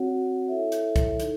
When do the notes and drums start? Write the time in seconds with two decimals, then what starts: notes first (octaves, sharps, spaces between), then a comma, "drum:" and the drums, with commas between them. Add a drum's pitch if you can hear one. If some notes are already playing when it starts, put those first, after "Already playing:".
Already playing: C4 F#4 C#5 F#5
0.48 E4 A4 C#5 E5
0.72 drum: hi-hat
0.96 drum: kick C2, hi-hat
1.20 D#4 A4, drum: hi-hat